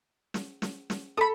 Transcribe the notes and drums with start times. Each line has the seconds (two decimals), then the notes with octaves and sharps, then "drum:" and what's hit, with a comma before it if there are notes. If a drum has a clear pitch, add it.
0.34 drum: snare
0.62 drum: snare
0.90 drum: snare
1.17 A4 B5 D#6